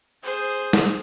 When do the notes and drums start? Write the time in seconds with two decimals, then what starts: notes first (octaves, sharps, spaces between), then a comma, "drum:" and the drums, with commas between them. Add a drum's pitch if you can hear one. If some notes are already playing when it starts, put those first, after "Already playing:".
0.23 G#4 C5
0.73 drum: snare